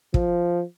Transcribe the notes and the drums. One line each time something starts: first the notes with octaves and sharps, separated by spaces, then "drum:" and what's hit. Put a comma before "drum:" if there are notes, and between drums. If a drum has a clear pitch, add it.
F3, drum: kick